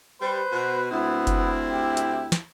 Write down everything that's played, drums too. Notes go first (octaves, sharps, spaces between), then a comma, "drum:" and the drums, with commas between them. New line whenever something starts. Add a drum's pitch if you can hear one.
G3 B4 C5
B2 F#4
D2 B3 C4 E4
drum: kick F#1, hi-hat
G4
drum: hi-hat
drum: snare